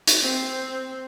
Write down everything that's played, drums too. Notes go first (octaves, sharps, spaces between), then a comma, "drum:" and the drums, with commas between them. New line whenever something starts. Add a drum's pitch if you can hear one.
drum: hi-hat
C4